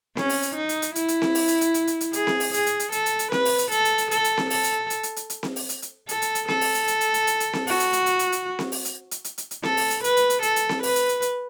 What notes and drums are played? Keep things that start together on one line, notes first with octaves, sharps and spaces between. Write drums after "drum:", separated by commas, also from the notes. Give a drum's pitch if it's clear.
C#4, drum: snare C4
drum: open hi-hat
drum: hi-hat
D#4
drum: hi-hat
drum: hi-hat
E4, drum: hi-hat
drum: hi-hat
drum: snare C4
drum: open hi-hat
drum: hi-hat
drum: hi-hat
drum: hi-hat
drum: hi-hat
drum: hi-hat
G#4, drum: hi-hat
drum: snare C4
drum: open hi-hat
G#4, drum: hi-hat
drum: hi-hat
drum: hi-hat
A4, drum: hi-hat
drum: hi-hat
drum: hi-hat
B4, drum: snare C4
drum: open hi-hat
drum: hi-hat
A4, drum: hi-hat
drum: hi-hat
drum: hi-hat
A4, drum: hi-hat
drum: hi-hat
drum: snare C4
A4, drum: open hi-hat
drum: hi-hat
drum: hi-hat
drum: hi-hat
drum: hi-hat
drum: hi-hat
drum: snare C4
drum: open hi-hat
drum: hi-hat
drum: hi-hat
A4, drum: hi-hat
drum: hi-hat
drum: hi-hat
A4, drum: snare C4
drum: open hi-hat
drum: hi-hat
drum: hi-hat
drum: hi-hat
drum: hi-hat
drum: hi-hat
drum: hi-hat
drum: snare C4
F#4, drum: open hi-hat
drum: hi-hat
drum: hi-hat
drum: hi-hat
drum: hi-hat
drum: hi-hat
drum: snare C4
drum: open hi-hat
drum: hi-hat
drum: hi-hat
drum: hi-hat
drum: hi-hat
drum: hi-hat
A4, drum: snare C4
drum: open hi-hat
drum: hi-hat
B4, drum: hi-hat
drum: hi-hat
drum: hi-hat
A4, drum: hi-hat
drum: hi-hat
drum: snare C4
B4, drum: open hi-hat
drum: hi-hat
drum: hi-hat
drum: hi-hat